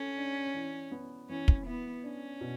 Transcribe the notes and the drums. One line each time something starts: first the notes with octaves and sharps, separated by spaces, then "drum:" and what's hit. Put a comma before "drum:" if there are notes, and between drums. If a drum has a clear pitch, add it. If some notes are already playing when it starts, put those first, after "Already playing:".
Already playing: C#4 A4
D4
E3
B3
E3 C#4
drum: kick
B3 E4
C#4 D4
B2